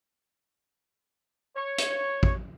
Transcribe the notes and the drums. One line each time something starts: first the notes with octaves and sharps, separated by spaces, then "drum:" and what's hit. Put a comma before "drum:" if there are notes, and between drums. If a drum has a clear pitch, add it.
C#5
drum: hi-hat
drum: kick A1